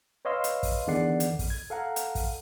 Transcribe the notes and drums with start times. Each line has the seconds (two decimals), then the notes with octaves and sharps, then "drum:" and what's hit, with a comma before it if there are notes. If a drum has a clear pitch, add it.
0.25 B4 C#5 D#5 F5 C6 E6
0.44 drum: hi-hat
0.63 drum: kick, open hi-hat
0.87 E2 D3 D#3 D5 F#5 C7
1.20 drum: hi-hat
1.39 drum: kick, open hi-hat
1.50 G#6
1.70 A4 F5 F#5 A#5
1.96 drum: hi-hat
2.15 drum: kick, open hi-hat